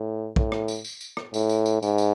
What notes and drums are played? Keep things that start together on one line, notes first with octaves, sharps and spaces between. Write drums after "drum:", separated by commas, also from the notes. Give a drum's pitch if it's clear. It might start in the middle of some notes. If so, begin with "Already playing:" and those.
Already playing: A2
A2, drum: kick
drum: rim click
drum: tambourine
drum: tambourine
drum: tambourine
drum: rim click
A2, drum: tambourine
drum: tambourine
drum: tambourine
G#2, drum: tambourine
drum: tambourine